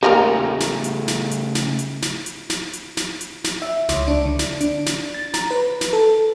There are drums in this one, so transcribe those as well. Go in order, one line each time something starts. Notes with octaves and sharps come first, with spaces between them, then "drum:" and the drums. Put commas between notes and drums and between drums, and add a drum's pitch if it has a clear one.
C#3 A3 A#3 D4 D#4 G4 A#5
drum: snare
drum: hi-hat
drum: snare
drum: hi-hat
drum: snare
drum: hi-hat
drum: snare
drum: hi-hat
drum: snare
drum: hi-hat
drum: snare
drum: hi-hat
drum: snare
E5
C#2, drum: snare
D4
D3
drum: snare
D4, drum: hi-hat
drum: snare
A6
A#5, drum: snare
B4
drum: snare
A4